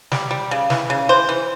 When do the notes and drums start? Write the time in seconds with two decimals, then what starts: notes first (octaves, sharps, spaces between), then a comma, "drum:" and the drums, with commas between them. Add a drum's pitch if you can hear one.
0.12 G3, drum: snare
0.31 G3
0.51 C#3
0.70 E3, drum: snare
0.90 C#3
1.09 E3 C5
1.29 E3